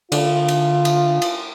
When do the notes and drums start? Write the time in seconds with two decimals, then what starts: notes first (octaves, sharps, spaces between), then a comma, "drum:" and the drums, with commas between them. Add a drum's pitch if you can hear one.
0.12 D3 F4, drum: cymbal
0.48 drum: cymbal
0.85 drum: cymbal
1.22 drum: cymbal